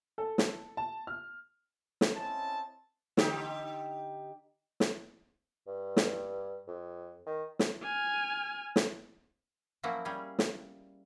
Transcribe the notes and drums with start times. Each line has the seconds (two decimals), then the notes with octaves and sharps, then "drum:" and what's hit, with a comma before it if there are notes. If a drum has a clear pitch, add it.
0.18 A4
0.38 drum: snare
0.77 A5
1.07 F6
2.01 drum: snare
2.15 C4 C#4 E4 D#5 A5
3.17 D3 D#4 G4, drum: snare
4.80 drum: snare
5.67 G2
5.97 drum: snare
6.67 F2
7.26 D#3
7.59 drum: snare
7.83 G#5 F6
8.76 drum: snare
9.83 F3 F#3 A#3 C#4 E4 F#4
10.05 G3 C#4 G#4
10.39 drum: snare